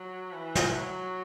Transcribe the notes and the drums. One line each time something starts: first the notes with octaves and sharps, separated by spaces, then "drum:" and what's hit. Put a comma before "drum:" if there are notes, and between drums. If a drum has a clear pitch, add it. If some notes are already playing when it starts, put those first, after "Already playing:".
Already playing: F#3
E3
drum: snare
F#3